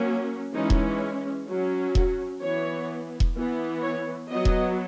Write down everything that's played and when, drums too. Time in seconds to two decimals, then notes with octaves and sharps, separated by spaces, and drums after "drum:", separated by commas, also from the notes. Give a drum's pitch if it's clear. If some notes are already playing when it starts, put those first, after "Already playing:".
Already playing: F#3 A#3 C#4
0.54 E3 G#3 C#4 D#4
0.70 drum: kick E1
1.48 F#3 C#4
1.95 F#4, drum: kick E1
2.42 E3 B3 C#5
3.20 drum: kick E1
3.36 E3 B3
3.83 C#5
4.30 F#3 B3 D#5
4.45 drum: kick E1